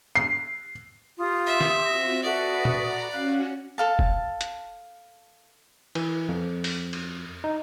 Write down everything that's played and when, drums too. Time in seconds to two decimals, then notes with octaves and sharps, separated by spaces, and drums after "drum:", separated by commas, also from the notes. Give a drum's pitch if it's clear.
0.15 C7
1.18 F4 G4 C6 D#6
1.46 E5
1.61 drum: snare
1.86 C4 F4 F#4 A#6
2.24 F#4 A4 B4 D5 E5 D#6
2.65 drum: tom A#2
2.77 F#5 A#5 B5
3.12 C#4 F#4 F5 F#6
3.78 A4 F5 A5
3.99 drum: kick F1
4.41 drum: hi-hat
5.95 E3, drum: cymbal
6.29 F2
6.64 drum: open hi-hat
6.93 drum: cymbal
7.44 D#4